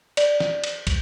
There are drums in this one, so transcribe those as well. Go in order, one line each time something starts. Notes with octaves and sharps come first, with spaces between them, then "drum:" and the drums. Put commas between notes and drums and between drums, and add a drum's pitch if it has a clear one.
D5, drum: cymbal
drum: snare
drum: cymbal
drum: kick, cymbal